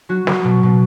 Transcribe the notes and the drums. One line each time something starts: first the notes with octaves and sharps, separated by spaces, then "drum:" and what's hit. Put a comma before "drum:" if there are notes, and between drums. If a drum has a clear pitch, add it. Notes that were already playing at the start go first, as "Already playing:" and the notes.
F#3 F#4
F#3, drum: snare
B2
B2